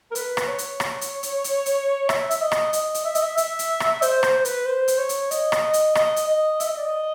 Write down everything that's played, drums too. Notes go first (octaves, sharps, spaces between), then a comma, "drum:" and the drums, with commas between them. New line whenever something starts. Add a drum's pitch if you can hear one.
A#4
B4, drum: hi-hat
drum: rim click
C#5
drum: hi-hat
drum: rim click
drum: hi-hat
drum: hi-hat
drum: hi-hat
drum: hi-hat
E5, drum: rim click
E5, drum: hi-hat
D#5
drum: rim click
D#5, drum: hi-hat
drum: hi-hat
E5
D#5, drum: hi-hat
E5
E5, drum: hi-hat
drum: hi-hat
drum: rim click
C5, drum: hi-hat
C5, drum: rim click
C5
B4, drum: hi-hat
C5
drum: hi-hat
C#5
drum: hi-hat
D#5, drum: hi-hat
drum: rim click
D#5
drum: hi-hat
D#5, drum: rim click
drum: hi-hat
D#5
E5, drum: hi-hat
D#5
D5
D#5